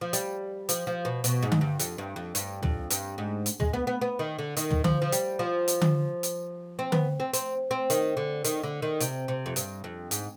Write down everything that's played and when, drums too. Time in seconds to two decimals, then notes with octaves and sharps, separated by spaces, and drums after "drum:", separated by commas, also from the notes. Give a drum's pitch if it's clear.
0.01 F3
0.13 G3, drum: hi-hat
0.69 F3, drum: hi-hat
0.87 F3
1.05 B2
1.24 B2, drum: hi-hat
1.43 G#2
1.52 drum: tom D3
1.61 G2
1.79 F2, drum: hi-hat
1.98 G2
2.16 F2
2.35 G2, drum: hi-hat
2.63 F2, drum: tom
2.90 G2, drum: hi-hat
3.18 G#2
3.46 drum: hi-hat
3.60 G#3, drum: tom
3.73 B3
3.87 B3
4.01 B3
4.19 D#3
4.39 D3
4.57 D#3, drum: hi-hat
4.71 drum: tom
4.84 F3, drum: tom D3
5.02 F3
5.12 G3, drum: hi-hat
5.39 F3
5.68 drum: hi-hat
5.81 drum: tom D3
6.23 drum: hi-hat
6.79 C4
6.92 B3, drum: tom D3
7.20 C4
7.33 C4, drum: hi-hat
7.71 C4
7.90 D#3, drum: hi-hat
8.17 D3
8.44 D#3, drum: hi-hat
8.63 D3
8.82 D#3
9.00 C3, drum: hi-hat
9.28 C3
9.46 F2
9.56 G2, drum: hi-hat
9.84 F2
10.11 G#2, drum: hi-hat